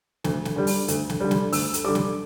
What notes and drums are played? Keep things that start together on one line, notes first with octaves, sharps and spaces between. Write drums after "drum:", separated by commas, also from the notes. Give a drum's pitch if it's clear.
D2, drum: snare
drum: snare
D3 G3
drum: open hi-hat
D2, drum: hi-hat
drum: snare
D3 G3
drum: snare
D2 E6, drum: open hi-hat
drum: hi-hat
D3 G3 D6
drum: snare